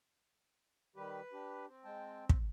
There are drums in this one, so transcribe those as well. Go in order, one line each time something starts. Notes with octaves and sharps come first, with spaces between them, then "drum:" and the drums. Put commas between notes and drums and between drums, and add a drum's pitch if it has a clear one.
D#3 G3 G4 B4
D4 G4
C4
G#3 G5 A5
drum: kick